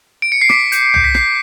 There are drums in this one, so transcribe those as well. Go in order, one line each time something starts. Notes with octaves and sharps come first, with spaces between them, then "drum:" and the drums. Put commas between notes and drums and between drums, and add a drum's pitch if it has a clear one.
D7
C#7
C7
D6 B6, drum: rim click
G6, drum: hi-hat
G6, drum: tom C2
B6
G6 C7, drum: rim click